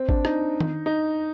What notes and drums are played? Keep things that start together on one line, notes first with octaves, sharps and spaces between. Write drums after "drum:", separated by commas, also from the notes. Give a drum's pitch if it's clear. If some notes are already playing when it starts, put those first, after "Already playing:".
Already playing: C4
D4, drum: kick G#1
D#4, drum: rim click
drum: tom D#3
D#4